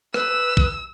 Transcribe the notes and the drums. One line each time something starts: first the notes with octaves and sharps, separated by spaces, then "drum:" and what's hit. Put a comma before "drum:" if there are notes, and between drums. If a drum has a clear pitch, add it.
B4 E6, drum: rim click
drum: kick